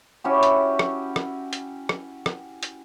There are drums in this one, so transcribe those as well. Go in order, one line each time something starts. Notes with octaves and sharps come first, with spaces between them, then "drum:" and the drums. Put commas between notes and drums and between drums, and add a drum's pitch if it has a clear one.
C#4 E4 F#4 G4
drum: hi-hat
drum: rim click
drum: rim click
drum: hi-hat
drum: rim click
drum: rim click
drum: hi-hat